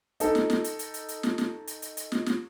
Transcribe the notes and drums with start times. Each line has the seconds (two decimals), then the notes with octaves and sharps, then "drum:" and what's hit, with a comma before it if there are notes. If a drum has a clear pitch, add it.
0.20 D#4 A4, drum: hi-hat
0.35 drum: snare
0.50 drum: snare
0.64 drum: hi-hat
0.79 drum: hi-hat
0.94 drum: hi-hat
1.09 drum: hi-hat
1.23 drum: snare
1.38 drum: snare
1.67 drum: hi-hat
1.82 drum: hi-hat
1.97 drum: hi-hat
2.12 drum: snare
2.26 drum: snare